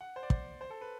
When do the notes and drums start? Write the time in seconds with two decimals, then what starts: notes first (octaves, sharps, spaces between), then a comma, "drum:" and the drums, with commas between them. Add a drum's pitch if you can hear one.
0.01 F#5
0.16 C5
0.23 D5
0.30 C5, drum: kick
0.61 C5
0.70 A4
0.81 B4